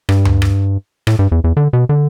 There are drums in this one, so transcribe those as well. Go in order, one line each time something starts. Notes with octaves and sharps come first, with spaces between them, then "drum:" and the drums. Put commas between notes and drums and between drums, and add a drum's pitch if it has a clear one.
G2, drum: rim click
drum: tom D2
drum: rim click
A2, drum: rim click
G2
E2
E2
D3
B2
D3